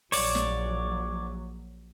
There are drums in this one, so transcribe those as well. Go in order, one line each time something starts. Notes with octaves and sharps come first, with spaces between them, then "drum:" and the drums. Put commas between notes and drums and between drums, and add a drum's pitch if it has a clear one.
A#1 F#3 C#5 D5, drum: open hi-hat
drum: snare